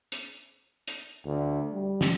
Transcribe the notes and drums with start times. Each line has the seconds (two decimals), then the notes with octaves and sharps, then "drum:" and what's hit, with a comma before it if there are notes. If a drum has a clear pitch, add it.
0.12 drum: hi-hat
0.88 drum: hi-hat
1.25 D2
1.73 G3
2.01 drum: snare